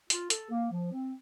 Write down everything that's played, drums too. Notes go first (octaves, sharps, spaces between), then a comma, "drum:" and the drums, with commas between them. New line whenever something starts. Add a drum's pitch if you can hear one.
F4, drum: hi-hat
A4, drum: hi-hat
A#3
F3
C4